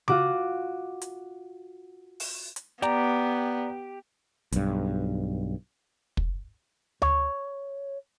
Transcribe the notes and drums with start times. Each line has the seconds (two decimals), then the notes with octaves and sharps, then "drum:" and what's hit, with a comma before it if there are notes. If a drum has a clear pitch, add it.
0.08 F4 F#4 D6, drum: tom C#3
1.02 drum: hi-hat
2.20 drum: open hi-hat
2.56 drum: hi-hat
2.82 B3 G4 D5 A#5, drum: snare
4.52 B1 G2, drum: hi-hat
6.17 drum: kick
7.02 C#5, drum: tom D2